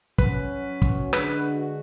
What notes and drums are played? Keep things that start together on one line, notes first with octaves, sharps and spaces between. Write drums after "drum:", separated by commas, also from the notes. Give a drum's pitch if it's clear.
F#3 C#4 F#4 B4, drum: kick
drum: kick
D3 G#3 D4 F#4 B4, drum: rim click